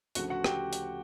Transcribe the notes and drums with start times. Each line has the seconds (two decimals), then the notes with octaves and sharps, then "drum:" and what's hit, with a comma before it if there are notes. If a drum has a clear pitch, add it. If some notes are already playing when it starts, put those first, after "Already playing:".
0.15 D2 C#3 F3 F#4 F#5, drum: hi-hat
0.30 F#4 F#5
0.44 G4 G5, drum: rim click
0.73 drum: hi-hat